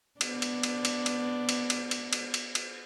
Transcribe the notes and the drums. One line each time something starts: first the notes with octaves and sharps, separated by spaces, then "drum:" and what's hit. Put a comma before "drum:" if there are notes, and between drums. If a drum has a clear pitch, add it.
B3 D4, drum: cymbal
drum: cymbal
drum: cymbal
drum: cymbal
drum: cymbal
drum: cymbal
drum: cymbal
drum: cymbal
drum: cymbal
drum: cymbal
drum: cymbal